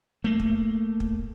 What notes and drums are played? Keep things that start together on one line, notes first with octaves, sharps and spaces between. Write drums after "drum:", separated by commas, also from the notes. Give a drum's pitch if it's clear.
A3 A#3
drum: kick
drum: kick